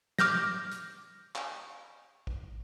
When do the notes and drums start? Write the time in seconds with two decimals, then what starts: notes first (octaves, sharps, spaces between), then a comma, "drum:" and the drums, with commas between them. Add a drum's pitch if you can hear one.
0.19 D6 F6 G6 A#6, drum: snare
0.71 drum: hi-hat
1.35 drum: clap
2.27 drum: kick